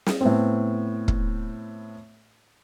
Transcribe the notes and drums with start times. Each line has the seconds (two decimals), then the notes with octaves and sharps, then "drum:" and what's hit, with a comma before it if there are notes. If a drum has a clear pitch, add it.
0.06 drum: snare
0.21 A2 B3 C4
1.08 drum: kick